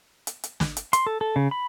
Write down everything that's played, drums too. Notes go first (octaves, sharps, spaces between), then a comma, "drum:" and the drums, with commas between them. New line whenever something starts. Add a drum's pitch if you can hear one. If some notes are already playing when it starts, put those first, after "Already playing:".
drum: hi-hat
drum: hi-hat
drum: snare
drum: hi-hat
C6, drum: hi-hat
A4
A4
C#3
B5